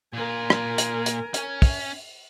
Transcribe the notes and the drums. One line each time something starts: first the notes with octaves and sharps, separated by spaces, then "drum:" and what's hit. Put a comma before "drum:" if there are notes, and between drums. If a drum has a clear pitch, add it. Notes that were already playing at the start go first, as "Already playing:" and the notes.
A#2 F4 A#4 G#5
drum: rim click
drum: hi-hat
drum: hi-hat
C#4, drum: hi-hat
drum: kick, open hi-hat